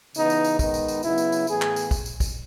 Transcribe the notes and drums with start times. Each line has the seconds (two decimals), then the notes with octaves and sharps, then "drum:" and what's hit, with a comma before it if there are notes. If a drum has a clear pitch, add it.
0.15 C#3 E3 B3 D#4, drum: tambourine
0.30 drum: tambourine
0.44 drum: tambourine
0.59 D#3 G#3 B3 D#4, drum: kick, tambourine
0.74 drum: tambourine
0.88 drum: tambourine
1.03 C#3 F#3 B3 E4, drum: tambourine
1.18 drum: tambourine
1.32 drum: tambourine
1.47 A2 E3 B3 G#4, drum: tambourine
1.62 drum: clap
1.76 drum: tambourine
1.91 drum: kick, tambourine
2.06 drum: tambourine
2.20 drum: kick, tambourine